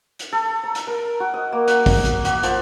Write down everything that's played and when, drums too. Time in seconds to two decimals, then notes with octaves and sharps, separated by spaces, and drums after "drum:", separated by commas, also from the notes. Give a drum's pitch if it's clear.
0.19 drum: hi-hat
0.32 A4
0.63 A#5
0.75 drum: hi-hat
0.87 A#4
1.20 F#4
1.34 D#5
1.52 A#3
1.68 F#5, drum: hi-hat
1.86 drum: kick, open hi-hat
2.05 drum: hi-hat
2.25 F#4, drum: hi-hat
2.43 F3, drum: hi-hat